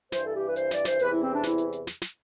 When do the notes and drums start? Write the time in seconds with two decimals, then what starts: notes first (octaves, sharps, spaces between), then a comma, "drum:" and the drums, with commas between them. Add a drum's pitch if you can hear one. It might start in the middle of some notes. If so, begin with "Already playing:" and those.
0.12 G2 E3 C5, drum: snare
0.24 A4
0.35 G4
0.45 B4
0.56 C5, drum: hi-hat
0.71 D5, drum: snare
0.85 C5, drum: snare
0.99 E2 C3 E3 B4, drum: hi-hat
1.11 E4
1.21 C4
1.32 D4
1.43 E4, drum: snare
1.58 drum: hi-hat
1.73 drum: hi-hat
1.87 drum: snare
2.02 drum: snare